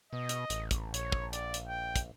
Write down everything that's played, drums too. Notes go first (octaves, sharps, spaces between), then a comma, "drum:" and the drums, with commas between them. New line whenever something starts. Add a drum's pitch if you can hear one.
B2 D#5
drum: hi-hat
A1, drum: hi-hat
drum: kick, hi-hat
A#1 C#5, drum: hi-hat
drum: kick
D5, drum: hi-hat
drum: hi-hat
G5
drum: kick, hi-hat